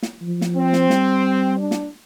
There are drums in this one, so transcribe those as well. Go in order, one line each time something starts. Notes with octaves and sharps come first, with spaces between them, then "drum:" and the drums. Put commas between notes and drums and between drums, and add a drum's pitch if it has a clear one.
drum: snare
F3
drum: snare
C4
drum: snare
G3, drum: snare
D4
drum: snare